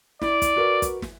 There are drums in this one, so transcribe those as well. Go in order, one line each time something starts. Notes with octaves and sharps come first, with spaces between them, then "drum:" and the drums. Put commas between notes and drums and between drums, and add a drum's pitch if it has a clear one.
E4 D5, drum: snare
drum: kick, hi-hat
F#4 A#4 B4
drum: kick, hi-hat
drum: snare